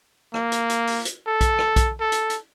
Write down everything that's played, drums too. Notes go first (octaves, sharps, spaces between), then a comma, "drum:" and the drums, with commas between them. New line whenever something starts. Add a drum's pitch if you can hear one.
A#3, drum: rim click
drum: hi-hat
drum: hi-hat
drum: open hi-hat
drum: hi-hat
A4
drum: kick B1, hi-hat
drum: rim click
drum: kick B1, hi-hat
A4
drum: hi-hat
drum: hi-hat